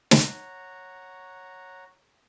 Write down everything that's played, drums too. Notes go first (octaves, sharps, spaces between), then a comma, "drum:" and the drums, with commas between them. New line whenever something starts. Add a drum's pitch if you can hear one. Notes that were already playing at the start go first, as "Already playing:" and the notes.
C#5 F#5 A#5, drum: snare